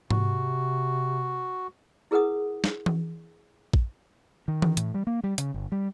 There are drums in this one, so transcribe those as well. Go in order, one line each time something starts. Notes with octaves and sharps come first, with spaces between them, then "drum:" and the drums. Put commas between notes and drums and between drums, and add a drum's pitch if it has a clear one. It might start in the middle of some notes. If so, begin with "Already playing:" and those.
C3 F#4, drum: tom G#2
E4 G#4 A#4 B4 F#5 D#6
drum: snare
drum: tom E3
drum: kick A#1
D#3
drum: tom E3
A2, drum: hi-hat
G3
A#3
G3
C#3, drum: hi-hat
G1
G3